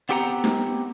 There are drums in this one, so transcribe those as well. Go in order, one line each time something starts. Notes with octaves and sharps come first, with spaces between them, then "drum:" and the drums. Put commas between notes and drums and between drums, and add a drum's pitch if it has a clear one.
B3 C4 G4 F#5 G5 A#5
drum: snare D#4